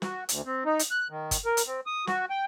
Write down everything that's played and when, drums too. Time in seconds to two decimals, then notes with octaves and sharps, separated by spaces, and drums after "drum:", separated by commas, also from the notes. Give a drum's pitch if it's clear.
0.02 F#4, drum: snare
0.29 D2, drum: hi-hat
0.46 C4
0.65 D#4
0.79 drum: hi-hat
0.91 F#6
1.10 D#3
1.31 drum: kick G1, hi-hat
1.45 A#4
1.57 drum: hi-hat
1.66 C4
1.86 D#6
2.07 F#4, drum: snare
2.30 G5